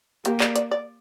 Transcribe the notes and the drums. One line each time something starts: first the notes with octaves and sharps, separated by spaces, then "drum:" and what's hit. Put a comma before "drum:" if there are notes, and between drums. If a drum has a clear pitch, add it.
A#3 G4, drum: hi-hat
D5, drum: clap
D5, drum: hi-hat
D5